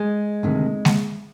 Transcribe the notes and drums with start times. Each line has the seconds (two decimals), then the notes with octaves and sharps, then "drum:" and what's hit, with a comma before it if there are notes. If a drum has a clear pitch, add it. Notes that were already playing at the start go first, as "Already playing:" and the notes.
Already playing: G#3
0.43 D2 C3 D#3
0.85 drum: snare G#3